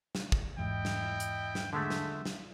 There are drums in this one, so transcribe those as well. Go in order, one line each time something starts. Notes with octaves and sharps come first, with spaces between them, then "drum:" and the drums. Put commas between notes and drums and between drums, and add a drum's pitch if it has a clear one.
drum: snare
drum: kick
E2 G#2 E4 D#5 G5
drum: snare
drum: hi-hat
drum: snare
D3 G#3 A3 E5
drum: snare
drum: snare